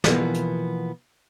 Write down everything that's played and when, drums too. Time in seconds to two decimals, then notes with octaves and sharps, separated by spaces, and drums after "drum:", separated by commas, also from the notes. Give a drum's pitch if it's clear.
0.04 B2 E3 F3 A#3 B3, drum: snare
0.34 drum: hi-hat